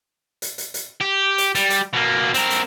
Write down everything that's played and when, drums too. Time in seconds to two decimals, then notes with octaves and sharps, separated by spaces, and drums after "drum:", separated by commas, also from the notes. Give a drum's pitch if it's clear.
0.42 drum: hi-hat
0.58 drum: hi-hat
0.74 drum: hi-hat
1.01 G4
1.38 drum: hi-hat
1.55 G3, drum: hi-hat
1.70 drum: hi-hat
1.94 B2 A#3
2.34 C4 A#4, drum: hi-hat
2.50 drum: hi-hat